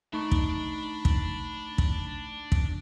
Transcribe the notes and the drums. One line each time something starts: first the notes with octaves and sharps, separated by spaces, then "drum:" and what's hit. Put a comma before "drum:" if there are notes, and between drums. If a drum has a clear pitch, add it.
A3 D4 D#4 A5 B5 C#6
drum: kick
drum: kick
drum: kick
drum: kick